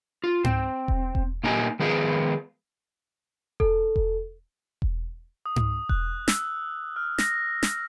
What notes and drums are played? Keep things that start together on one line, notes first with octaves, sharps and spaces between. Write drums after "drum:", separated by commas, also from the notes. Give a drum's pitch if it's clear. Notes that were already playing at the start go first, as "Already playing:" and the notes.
F4
C4, drum: tom G#2
drum: kick E1
drum: kick E1
A#2 A3 A#3 D#4 G4 G#5
D#3 F3 G#3 B3 F4 G#4
A4, drum: kick E1
drum: kick E1
drum: kick E1
D#6
drum: tom G#2
F#6, drum: kick E1
E6, drum: snare
F6
A#6, drum: snare
drum: snare